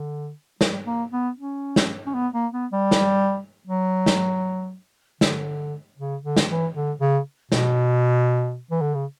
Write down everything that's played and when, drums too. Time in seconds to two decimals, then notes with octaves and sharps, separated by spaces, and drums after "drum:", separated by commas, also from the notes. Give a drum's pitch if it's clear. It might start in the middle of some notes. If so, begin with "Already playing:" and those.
Already playing: D3
0.61 G3, drum: snare
0.86 A#3
1.12 B3
1.38 C#4
1.76 drum: snare
2.06 C#4
2.14 B3
2.34 A#3
2.53 B3
2.72 G3
2.91 drum: snare
3.67 F#3
4.06 drum: snare
5.21 D3, drum: snare
5.98 C#3
6.23 D3
6.37 drum: snare
6.49 E3
6.74 D3
7.01 C#3
7.52 B2, drum: snare
8.71 E3
8.82 D3
8.94 C#3